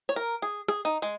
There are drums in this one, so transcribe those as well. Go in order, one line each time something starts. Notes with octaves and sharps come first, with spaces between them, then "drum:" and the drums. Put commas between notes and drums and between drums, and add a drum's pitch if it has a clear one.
C#5
A#4, drum: hi-hat
G#4
G#4, drum: rim click
D#4, drum: hi-hat
G#3, drum: hi-hat